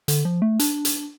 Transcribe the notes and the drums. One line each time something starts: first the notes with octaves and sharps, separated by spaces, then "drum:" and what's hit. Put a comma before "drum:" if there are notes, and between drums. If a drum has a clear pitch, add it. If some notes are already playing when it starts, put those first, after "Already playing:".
D3, drum: hi-hat
F3
A3
D4, drum: hi-hat
drum: hi-hat